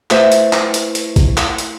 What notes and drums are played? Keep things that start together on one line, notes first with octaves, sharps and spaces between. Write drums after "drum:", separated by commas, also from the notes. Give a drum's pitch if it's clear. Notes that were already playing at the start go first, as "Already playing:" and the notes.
A3 E4 B4 C5 E5, drum: clap
drum: hi-hat
drum: clap
drum: hi-hat
drum: hi-hat
drum: kick A#1, hi-hat
drum: clap
drum: hi-hat